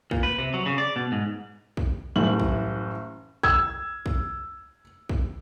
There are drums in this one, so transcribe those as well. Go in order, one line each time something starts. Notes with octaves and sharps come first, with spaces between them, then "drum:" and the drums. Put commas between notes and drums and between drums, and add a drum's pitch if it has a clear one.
A#2, drum: kick
B4
C3
F#3
C#3
D5
B2
G#2
drum: kick
F#1 A2 E3 G3 F#7
drum: kick
E6 G#6, drum: kick
drum: kick
drum: kick